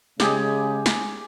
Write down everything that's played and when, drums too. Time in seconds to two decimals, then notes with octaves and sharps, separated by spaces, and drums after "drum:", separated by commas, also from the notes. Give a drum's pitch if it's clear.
0.20 C#3 G#3 G4 G#4, drum: snare
0.86 drum: snare